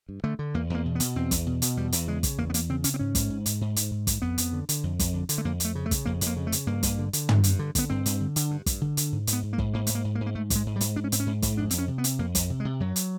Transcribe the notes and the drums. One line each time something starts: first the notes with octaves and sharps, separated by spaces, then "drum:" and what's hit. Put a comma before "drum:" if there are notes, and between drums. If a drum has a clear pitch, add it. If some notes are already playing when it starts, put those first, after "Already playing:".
G2
D3 A3
D3
E2 A#3
E2 A#3
B2
B3
B2, drum: hi-hat
E2 C4
E2, drum: kick, hi-hat
B2
B2, drum: hi-hat
E2 G3
E2, drum: hi-hat
C#3 G#3
C#3, drum: kick, hi-hat
E2 A#3
B3
E2 A#3, drum: hi-hat
C#3 C4
C#3 C#4, drum: hi-hat
C4
G#2 C#4
G#2, drum: kick, hi-hat
G#2
G#2, drum: hi-hat
G#2
G#2, drum: hi-hat
G#2
G#2, drum: kick, hi-hat
F2 B3
F2, drum: hi-hat
D3
D3, drum: hi-hat
F2
F2, drum: kick, hi-hat
D3
D3, drum: hi-hat
A3
F2 A#3
F2 A3, drum: hi-hat
C#3
A3
C#3, drum: kick, hi-hat
F2 A#3
F2, drum: hi-hat
A#3
C#3
A3
C#3, drum: hi-hat
G2 A#3
G2, drum: kick, hi-hat
D3
D3, drum: hi-hat
G2, drum: tom
G2, drum: hi-hat
D3
D3 B3, drum: kick, hi-hat
G2 C4
G2, drum: hi-hat
D3
D3, drum: hi-hat
G2
G2, drum: kick, hi-hat
D3
D3, drum: hi-hat
G#2
G#2, drum: hi-hat
B3
G#2
A#3
G#2, drum: kick
G#2 A#3
G#2 A3, drum: hi-hat
A#3
G#2
A#3
G#2
A#3
G#2 A3
G#2, drum: kick, hi-hat
G#3
G#2
G3
G#2, drum: hi-hat
G#2 D4
C#4
G#2 C4, drum: hi-hat
C#4
G#2
G#2, drum: kick, hi-hat
F2 D4
F2 C4, drum: hi-hat
C#4
C3
B3
C3, drum: hi-hat
F2 A#3
F2, drum: kick, hi-hat
C3
G#3
C3
F#2 F#3
drum: hi-hat